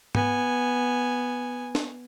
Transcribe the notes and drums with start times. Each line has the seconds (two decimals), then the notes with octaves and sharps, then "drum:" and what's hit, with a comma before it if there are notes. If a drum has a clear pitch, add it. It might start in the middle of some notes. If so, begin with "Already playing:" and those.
0.15 B3 G#5, drum: tom G#2
1.75 drum: snare